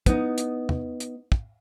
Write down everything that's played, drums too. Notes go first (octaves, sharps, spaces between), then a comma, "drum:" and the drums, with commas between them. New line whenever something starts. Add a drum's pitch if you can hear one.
B3 D#4, drum: kick, hi-hat
drum: hi-hat
drum: tom
drum: hi-hat
drum: kick